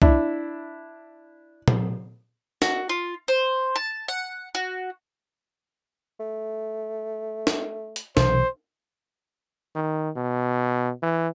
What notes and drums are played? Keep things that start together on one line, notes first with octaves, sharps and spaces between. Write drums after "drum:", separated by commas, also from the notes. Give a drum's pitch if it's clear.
D4 E4, drum: kick C2
drum: tom A#2
F#4, drum: snare
F4
C5
A5
F#5
F#4
A3
drum: snare
drum: hi-hat
B1 C3 E3 C5, drum: snare
D#3
B2
E3